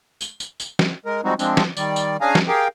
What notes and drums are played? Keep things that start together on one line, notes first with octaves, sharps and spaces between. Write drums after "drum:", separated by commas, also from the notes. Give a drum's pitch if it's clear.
drum: tambourine
drum: tambourine
drum: tambourine
drum: snare
G#3 A#4
F3 G3 G#3 C4 D#4 F#4
F3 G#3 C4 D4, drum: tambourine
drum: snare
D#3 G3 D5, drum: tambourine
drum: tambourine
C#4 D4 G#4 F5 G#5 A#5
drum: snare
G4 G#4 A#4 F5 G5